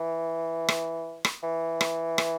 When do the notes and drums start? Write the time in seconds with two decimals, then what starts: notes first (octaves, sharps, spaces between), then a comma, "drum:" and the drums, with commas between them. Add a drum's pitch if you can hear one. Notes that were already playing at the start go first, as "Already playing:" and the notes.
Already playing: E3
0.69 drum: rim click
1.25 drum: rim click
1.43 E3
1.81 drum: rim click
2.18 drum: rim click